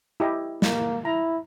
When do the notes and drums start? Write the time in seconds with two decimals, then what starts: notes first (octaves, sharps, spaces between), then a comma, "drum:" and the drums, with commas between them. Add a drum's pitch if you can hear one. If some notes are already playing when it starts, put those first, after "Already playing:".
0.20 E4 G4 D#5
0.62 A#3, drum: snare
1.05 E4 A#5